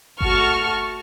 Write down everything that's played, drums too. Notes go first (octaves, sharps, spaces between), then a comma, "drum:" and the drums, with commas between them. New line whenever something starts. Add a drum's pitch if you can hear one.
A3 F#4 A5 C#6 F6, drum: kick G1